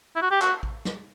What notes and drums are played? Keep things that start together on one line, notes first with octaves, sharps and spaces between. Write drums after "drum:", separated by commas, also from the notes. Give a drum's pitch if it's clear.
E4
F#4
G4
F#4, drum: clap
drum: kick A1
drum: snare